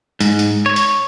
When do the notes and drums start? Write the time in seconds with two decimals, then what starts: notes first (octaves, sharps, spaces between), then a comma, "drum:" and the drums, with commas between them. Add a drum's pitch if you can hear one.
0.20 G#2, drum: hi-hat
0.39 drum: hi-hat
0.66 C#5
0.76 drum: hi-hat